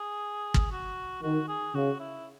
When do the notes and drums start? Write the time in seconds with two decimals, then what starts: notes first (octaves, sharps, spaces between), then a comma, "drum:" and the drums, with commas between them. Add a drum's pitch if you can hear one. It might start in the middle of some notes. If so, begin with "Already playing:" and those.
Already playing: G#4
0.54 drum: kick
0.72 F#4
1.23 D#3 F#4
1.48 G#4
1.75 C#3 F#4
2.00 E4